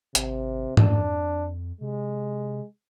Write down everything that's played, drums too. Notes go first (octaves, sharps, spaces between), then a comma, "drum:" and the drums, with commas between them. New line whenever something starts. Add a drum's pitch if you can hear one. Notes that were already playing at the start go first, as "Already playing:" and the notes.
G#1 C3, drum: hi-hat
F2 D4, drum: tom G#2
C3 G#3